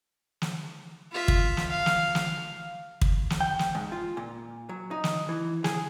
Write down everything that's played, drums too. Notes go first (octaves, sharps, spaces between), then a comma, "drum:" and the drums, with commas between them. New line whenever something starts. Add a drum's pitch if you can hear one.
drum: snare
F4 E5
drum: kick
drum: snare
F5
drum: snare
drum: snare
drum: kick
drum: snare
G5
drum: snare
G#2
F4
A#2
F#3
D#4
drum: snare
E3
G#4, drum: snare